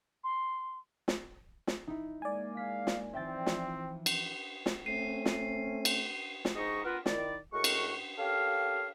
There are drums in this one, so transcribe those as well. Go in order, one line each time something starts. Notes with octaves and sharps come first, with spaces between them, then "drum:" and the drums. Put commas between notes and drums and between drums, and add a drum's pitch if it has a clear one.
C6
drum: snare
drum: snare
D#4 E4
G#3 A#3 D5 G#5
F5 B6
drum: snare
E3 F3 C4 E5 G5 A6
drum: snare
drum: cymbal
drum: snare
A3 C4 C#4 C7 D#7
drum: snare
drum: cymbal
drum: snare
G#2 D#4 D#5 C#6
B3 F4 A#4 B4
D#3 E4 D5, drum: snare
A2 G#3 F#4 A#4 F#5 C#6
drum: cymbal
G4 A4 A#4 C#5 F5